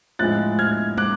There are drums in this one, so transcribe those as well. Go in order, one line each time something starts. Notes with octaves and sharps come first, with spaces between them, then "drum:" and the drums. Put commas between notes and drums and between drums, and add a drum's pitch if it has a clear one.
A2 F3 G#3 F#6 A6
F6 G#6
D6 F#6, drum: tom